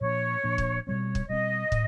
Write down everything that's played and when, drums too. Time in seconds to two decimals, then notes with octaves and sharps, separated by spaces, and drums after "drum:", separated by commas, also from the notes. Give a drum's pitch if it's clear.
0.01 A#2 F3 A#3 D4 C#5
0.44 A#2 F3 A#3 D4
0.58 drum: kick
0.86 B2 G3 C4 C#5
1.15 drum: kick
1.29 B2 G3 C4 D#5
1.72 A2, drum: kick